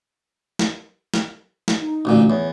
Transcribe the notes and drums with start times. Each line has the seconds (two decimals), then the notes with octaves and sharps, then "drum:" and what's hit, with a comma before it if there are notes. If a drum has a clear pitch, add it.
0.59 drum: snare
1.14 drum: snare
1.68 drum: snare
1.81 D#4
2.05 A1 D2 A#2
2.30 E2 C#5